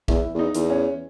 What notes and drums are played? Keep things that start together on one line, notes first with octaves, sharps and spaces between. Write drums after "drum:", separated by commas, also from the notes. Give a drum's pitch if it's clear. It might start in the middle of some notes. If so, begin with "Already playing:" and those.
E2 E4, drum: kick
E2 D#4
E2, drum: hi-hat
C#4